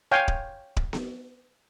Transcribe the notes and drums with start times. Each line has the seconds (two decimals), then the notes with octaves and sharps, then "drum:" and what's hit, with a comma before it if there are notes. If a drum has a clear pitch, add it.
0.11 C#5 F5 G5 G#5
0.28 drum: kick D1
0.77 drum: kick D1
0.93 drum: snare B3